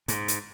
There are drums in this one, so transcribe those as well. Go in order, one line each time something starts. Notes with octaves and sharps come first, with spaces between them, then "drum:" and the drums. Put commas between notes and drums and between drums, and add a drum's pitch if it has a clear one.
G#2, drum: hi-hat
drum: hi-hat